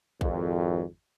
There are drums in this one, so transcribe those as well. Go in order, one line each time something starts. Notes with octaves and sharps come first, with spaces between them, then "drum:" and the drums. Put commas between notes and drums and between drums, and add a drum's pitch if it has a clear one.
G#1 F2, drum: kick